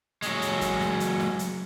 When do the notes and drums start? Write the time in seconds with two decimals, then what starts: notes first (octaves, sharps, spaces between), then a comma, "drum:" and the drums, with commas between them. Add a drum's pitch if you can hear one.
0.22 F#3 G#3, drum: hi-hat
0.42 drum: hi-hat
0.61 drum: kick, hi-hat
0.81 drum: snare
1.00 drum: hi-hat
1.20 drum: snare
1.39 drum: hi-hat